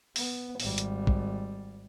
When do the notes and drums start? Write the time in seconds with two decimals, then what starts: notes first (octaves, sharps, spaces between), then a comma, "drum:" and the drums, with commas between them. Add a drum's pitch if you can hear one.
0.16 B3, drum: open hi-hat
0.60 G#1 G3, drum: open hi-hat
0.78 drum: hi-hat
1.07 drum: kick